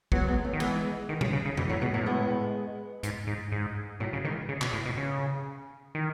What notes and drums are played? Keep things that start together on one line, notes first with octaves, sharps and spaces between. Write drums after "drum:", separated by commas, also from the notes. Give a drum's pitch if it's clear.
F#3 G#3 B3, drum: kick
G#3 B3
A3 C#4
D#3
E3 G#3 B3, drum: cymbal
D#3
C#3, drum: tom A#2
C#3
C#3
B2 E3 G#3, drum: tom F2
A2 F#3 A3
B2 G#3 B3
A2 F#3 A3
G#3 B3
G#2, drum: hi-hat
G#2
G#2
A2 F#3 A3
C#3
D#3 E3 G#3
C#3
B2, drum: clap
A2
B2
C#3
D#3